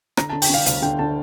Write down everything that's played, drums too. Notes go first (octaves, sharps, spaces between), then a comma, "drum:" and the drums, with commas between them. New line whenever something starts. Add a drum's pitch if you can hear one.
D3 A#5, drum: rim click
A5
D3
G5, drum: open hi-hat
D3 F5
D2 F5, drum: hi-hat
D3 G5
D3 A5